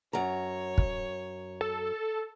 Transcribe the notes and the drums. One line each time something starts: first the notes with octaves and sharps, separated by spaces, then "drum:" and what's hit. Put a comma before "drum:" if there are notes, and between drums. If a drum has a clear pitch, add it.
F#2 C#5 A#5
drum: kick
A4